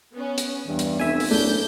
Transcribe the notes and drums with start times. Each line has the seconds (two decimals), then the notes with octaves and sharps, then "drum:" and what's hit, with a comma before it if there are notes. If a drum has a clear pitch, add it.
0.14 B3 C#4
0.38 drum: hi-hat
0.68 E2 G2
0.79 drum: hi-hat
1.00 F1 E5 G#5
1.20 drum: open hi-hat
1.31 F#1 A3 D4 G6